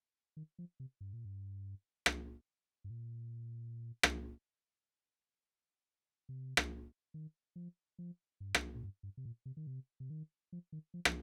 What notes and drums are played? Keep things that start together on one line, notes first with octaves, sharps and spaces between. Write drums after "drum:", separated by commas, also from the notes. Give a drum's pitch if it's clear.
D#3
F3
C3
G2
A#2
G2
drum: rim click
G2
A#2
drum: rim click
C3
drum: rim click
D#3
F3
F3
G2
drum: rim click
A#2
G2
G2
C3
A#2
C3
D#3
C3
C3
D#3
F3
D#3
F3
F3, drum: rim click